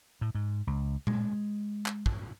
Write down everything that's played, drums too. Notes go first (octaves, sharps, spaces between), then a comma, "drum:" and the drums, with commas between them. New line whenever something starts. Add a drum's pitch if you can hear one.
A2
G#2
C#2
G#3, drum: tom A#2
drum: clap
drum: kick